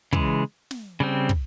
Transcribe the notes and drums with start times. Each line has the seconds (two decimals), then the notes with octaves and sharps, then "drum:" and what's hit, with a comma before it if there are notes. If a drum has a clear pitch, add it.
0.13 C#3 E3 G#3, drum: kick
0.71 drum: snare
1.00 C#3 G3 C4
1.29 drum: kick